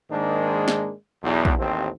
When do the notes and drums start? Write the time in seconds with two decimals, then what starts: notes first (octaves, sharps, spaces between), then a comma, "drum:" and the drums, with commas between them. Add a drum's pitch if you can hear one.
0.11 G#2 D#3 G#3 A#3 D4
0.68 drum: snare
1.23 B1 E2
1.45 drum: kick
1.58 A1 D#2 C4